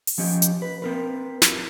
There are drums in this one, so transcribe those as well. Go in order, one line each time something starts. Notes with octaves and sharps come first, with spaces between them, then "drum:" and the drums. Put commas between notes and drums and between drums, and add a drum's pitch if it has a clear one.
drum: open hi-hat
F3 C#4 G4 D#5
drum: hi-hat
B4
C4 A#4 B4
drum: snare